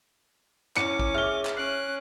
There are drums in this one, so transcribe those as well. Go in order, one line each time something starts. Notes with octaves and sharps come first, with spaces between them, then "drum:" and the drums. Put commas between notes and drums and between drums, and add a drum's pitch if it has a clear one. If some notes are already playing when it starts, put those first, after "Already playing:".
C#4 E4 D6 C#7, drum: clap
drum: kick
G#4 E5 F6 G7
drum: clap
C#4 F#6 C7 D7